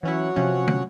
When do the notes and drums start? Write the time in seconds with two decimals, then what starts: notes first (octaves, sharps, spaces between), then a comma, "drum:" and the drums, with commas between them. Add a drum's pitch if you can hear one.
0.03 E3 F#3 C#4 E4 C#5 F#5
0.36 C3 F3 C#4
0.68 drum: tom